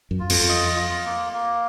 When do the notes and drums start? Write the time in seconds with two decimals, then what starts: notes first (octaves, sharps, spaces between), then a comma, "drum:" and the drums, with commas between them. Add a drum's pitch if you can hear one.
0.11 F#2
0.19 F4
0.30 F2, drum: cymbal
0.49 D#5
0.76 F4
1.05 A#3
1.33 A#3